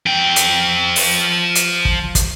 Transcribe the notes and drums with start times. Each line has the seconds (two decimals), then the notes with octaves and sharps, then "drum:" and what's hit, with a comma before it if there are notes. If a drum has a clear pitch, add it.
0.06 F3 G5
0.36 drum: hi-hat
0.96 drum: open hi-hat
1.55 drum: hi-hat
1.85 drum: kick
2.15 drum: kick, hi-hat